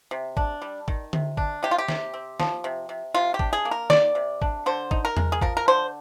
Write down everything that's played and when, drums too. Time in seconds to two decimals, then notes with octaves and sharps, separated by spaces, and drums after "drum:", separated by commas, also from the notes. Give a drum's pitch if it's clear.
0.11 C3
0.37 D4, drum: kick
0.62 G3
0.88 D#3, drum: kick
1.13 C3, drum: tom D3
1.37 D4, drum: kick
1.63 C3 G4
1.71 F4
1.78 G4
1.88 C3, drum: snare
2.14 C4
2.40 F3, drum: snare
2.64 C3
2.89 C3
3.14 C3 F4
3.34 G4
3.39 D4, drum: kick
3.53 G#4
3.65 A#3
3.71 A#4
3.90 D#3 D5, drum: snare
4.15 C3
4.42 D4, drum: kick
4.66 D3 C5
4.91 D#4, drum: kick
5.05 A#4
5.17 G#3, drum: tom E2
5.32 G#4
5.41 F3 A#4, drum: kick
5.57 A#4
5.68 D3 C5